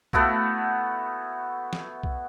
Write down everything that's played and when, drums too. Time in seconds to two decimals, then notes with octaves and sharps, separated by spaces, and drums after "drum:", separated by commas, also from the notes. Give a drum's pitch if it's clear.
0.13 A3 B3 E4 F#4, drum: kick
1.73 drum: snare
2.03 drum: kick